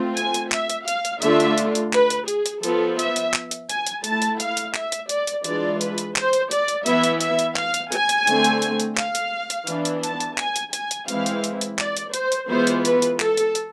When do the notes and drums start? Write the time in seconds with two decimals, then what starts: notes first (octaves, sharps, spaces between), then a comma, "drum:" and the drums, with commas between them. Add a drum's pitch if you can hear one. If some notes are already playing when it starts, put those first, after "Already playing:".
Already playing: A3 C4 F4
0.17 G#5, drum: hi-hat
0.34 drum: hi-hat
0.52 E5, drum: clap
0.70 drum: hi-hat
0.88 F5, drum: hi-hat
1.05 drum: hi-hat
1.22 D3 A3 D4 F4 E5, drum: hi-hat
1.40 drum: hi-hat
1.58 drum: hi-hat
1.75 drum: hi-hat
1.93 B4, drum: clap
2.10 drum: hi-hat
2.28 G#4, drum: hi-hat
2.46 drum: hi-hat
2.63 F3 B3 F4 A4, drum: hi-hat
2.99 E5, drum: hi-hat
3.16 drum: hi-hat
3.34 drum: clap
3.51 drum: hi-hat
3.69 G#5, drum: hi-hat
3.87 drum: hi-hat
4.04 A3 E4 A5, drum: hi-hat
4.22 drum: hi-hat
4.40 F5, drum: hi-hat
4.57 drum: hi-hat
4.75 E5, drum: clap
4.92 drum: hi-hat
5.09 D5, drum: hi-hat
5.27 drum: hi-hat
5.44 E3 G#3 D4 F4 D5, drum: hi-hat
5.81 B4, drum: hi-hat
5.98 drum: hi-hat
6.16 C5, drum: clap
6.33 drum: hi-hat
6.51 D5, drum: hi-hat
6.68 drum: hi-hat
6.86 E3 B3 E4 E5, drum: hi-hat
7.03 drum: hi-hat
7.21 E5, drum: hi-hat
7.39 drum: hi-hat
7.56 F5, drum: clap
7.74 drum: hi-hat
7.92 G#5, drum: hi-hat
8.09 drum: hi-hat
8.27 D3 A3 C4, drum: hi-hat
8.44 drum: hi-hat
8.62 drum: hi-hat
8.80 drum: hi-hat
8.97 F5, drum: clap
9.15 drum: hi-hat
9.50 drum: hi-hat
9.67 E3 B3 D4, drum: hi-hat
9.85 drum: hi-hat
10.03 A5, drum: hi-hat
10.20 drum: hi-hat
10.38 G#5, drum: clap
10.56 drum: hi-hat
10.73 G#5, drum: hi-hat
10.91 drum: hi-hat
11.08 E3 G#3 C4 E4 F5, drum: hi-hat
11.26 drum: hi-hat
11.44 drum: hi-hat
11.61 drum: hi-hat
11.79 D5, drum: clap
11.97 drum: hi-hat
12.14 C5, drum: hi-hat
12.32 drum: hi-hat
12.49 E3 G#3 B3 F4 C5
12.67 drum: hi-hat
12.85 B4, drum: hi-hat
13.02 drum: hi-hat
13.20 A4, drum: clap
13.37 drum: hi-hat
13.55 drum: hi-hat